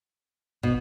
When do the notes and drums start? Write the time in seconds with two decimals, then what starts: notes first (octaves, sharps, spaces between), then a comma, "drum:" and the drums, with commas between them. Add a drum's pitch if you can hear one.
0.63 B2, drum: kick